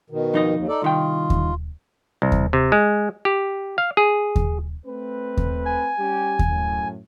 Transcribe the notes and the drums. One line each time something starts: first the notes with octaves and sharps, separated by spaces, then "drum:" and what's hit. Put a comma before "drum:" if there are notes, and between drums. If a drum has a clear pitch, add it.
B2 D#3
F2 D#4 D#5
D#2
D#4 A4 D5
C2 D#3 F4 G5
drum: kick D#2
C2
drum: kick D#2
C3
G#3
G4
F5
G#4
drum: kick D#2
A3 C4 B4
drum: kick D#2
G#5
G3 C#4 G4
drum: kick D#2
F#2 A2